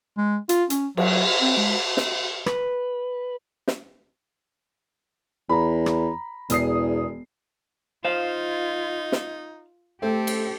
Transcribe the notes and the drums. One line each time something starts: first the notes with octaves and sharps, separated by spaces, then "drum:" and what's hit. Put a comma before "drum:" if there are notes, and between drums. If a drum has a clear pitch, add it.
G#3
F4, drum: hi-hat
C#4, drum: hi-hat
F#3, drum: cymbal
C4
G#3
drum: snare
B4, drum: rim click
drum: snare
E2 A#5 B5
drum: rim click
E1 E2 D#6 C7, drum: hi-hat
D#4 F4 C5 F5
drum: snare
A3 C4 G4 A4
drum: cymbal